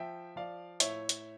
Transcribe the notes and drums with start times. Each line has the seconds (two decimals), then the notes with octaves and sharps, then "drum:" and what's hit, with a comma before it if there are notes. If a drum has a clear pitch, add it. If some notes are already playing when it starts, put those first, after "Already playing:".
Already playing: F3 E5 G5
0.36 F3 D5 F5
0.80 A2 C#5 E5, drum: hi-hat
1.09 drum: hi-hat